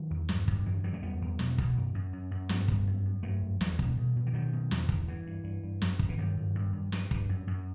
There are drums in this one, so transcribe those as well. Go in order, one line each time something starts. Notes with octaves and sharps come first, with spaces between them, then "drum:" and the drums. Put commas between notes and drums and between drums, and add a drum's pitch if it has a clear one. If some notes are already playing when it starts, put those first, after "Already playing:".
Already playing: D#3 F#3
E2
G2, drum: snare
G2, drum: kick
F#2 E3
D#3 F#3
F#2 E3 G3
F#3 A3
E2 G3 B3
E2
B2, drum: snare
B2, drum: kick
F#2
F#2
F#2
F#2
G2 G3 B3, drum: snare
G2, drum: kick
F#2
F#2
G2 F#3 A3
G2
E2 E3 G3, drum: snare
B2, drum: kick
B2
B2
E3
B2 D#3 F#3
B2
E2, drum: snare
E2, drum: kick
G2 E3
G2
G2
G2
F#2, drum: snare
F#2, drum: kick
E3
G2 D#3 F#3
G2
G2
G2
G2, drum: snare
G2, drum: kick
F#2
F#2